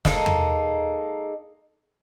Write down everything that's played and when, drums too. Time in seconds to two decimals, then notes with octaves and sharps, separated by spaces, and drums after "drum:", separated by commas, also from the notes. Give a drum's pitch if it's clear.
0.05 G#3 A#3 D#4 A4, drum: snare
0.26 drum: tom E2